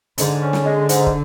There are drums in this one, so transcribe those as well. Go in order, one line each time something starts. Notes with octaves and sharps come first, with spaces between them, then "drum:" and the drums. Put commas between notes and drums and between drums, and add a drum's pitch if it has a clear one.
G#2 D3, drum: hi-hat
C#4
drum: snare
G#3
G#2, drum: hi-hat
drum: kick